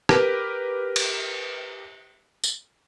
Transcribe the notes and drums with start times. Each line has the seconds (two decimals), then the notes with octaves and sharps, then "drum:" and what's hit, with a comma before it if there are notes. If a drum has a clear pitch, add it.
0.09 G4 A#4 B4, drum: rim click
0.96 drum: cymbal
2.44 drum: tambourine